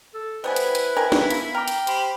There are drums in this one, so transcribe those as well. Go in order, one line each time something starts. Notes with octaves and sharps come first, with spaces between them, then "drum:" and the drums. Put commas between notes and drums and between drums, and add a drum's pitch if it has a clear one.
A4
G3 B3 E4 B4 C5 G#5
drum: hi-hat
drum: hi-hat
A#4 G5 G#5
drum: snare
A#3 B3 B6, drum: hi-hat
G5 A#5 D6 F6
drum: hi-hat
G4 C5 B5, drum: hi-hat